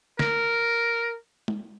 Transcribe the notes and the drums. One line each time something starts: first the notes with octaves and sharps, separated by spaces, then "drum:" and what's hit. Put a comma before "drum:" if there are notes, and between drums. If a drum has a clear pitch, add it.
A#4, drum: snare
drum: tom G#3